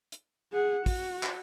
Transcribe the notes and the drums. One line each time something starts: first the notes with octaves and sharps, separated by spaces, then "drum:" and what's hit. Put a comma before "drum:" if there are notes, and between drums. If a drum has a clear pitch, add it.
drum: hi-hat
G#4 F#5
F#4, drum: kick, open hi-hat
drum: clap